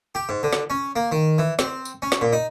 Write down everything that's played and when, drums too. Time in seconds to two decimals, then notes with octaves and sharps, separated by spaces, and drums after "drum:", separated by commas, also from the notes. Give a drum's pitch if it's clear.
0.15 G4
0.29 G#2
0.43 D3
0.53 drum: snare
0.70 C#4
0.96 A#3
1.12 D#3
1.38 E3
1.59 C4, drum: snare
1.85 drum: tambourine
2.02 C#4
2.12 drum: snare
2.21 A#2
2.33 D#4